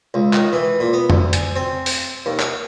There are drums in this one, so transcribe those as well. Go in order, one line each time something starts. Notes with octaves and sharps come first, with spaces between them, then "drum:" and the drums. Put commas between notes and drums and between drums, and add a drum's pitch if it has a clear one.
C#2
D#3, drum: clap
E3
A#2
B3
D2, drum: tom F2
G#5, drum: hi-hat
C4
drum: open hi-hat
D#2
C#5, drum: clap